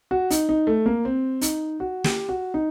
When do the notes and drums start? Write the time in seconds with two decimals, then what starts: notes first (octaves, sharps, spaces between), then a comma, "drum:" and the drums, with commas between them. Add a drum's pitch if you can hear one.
0.11 F#4
0.31 D#4, drum: hi-hat
0.49 D#4
0.67 A3
0.86 A#3
1.05 C4
1.41 D#4, drum: hi-hat
1.80 F#4
2.04 G4, drum: snare
2.29 F#4
2.54 D#4